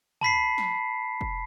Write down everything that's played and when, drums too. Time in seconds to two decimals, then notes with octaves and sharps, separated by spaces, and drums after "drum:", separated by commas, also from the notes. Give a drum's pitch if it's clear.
0.21 A5 B5 B6 C7, drum: tom
0.58 drum: snare
1.21 drum: kick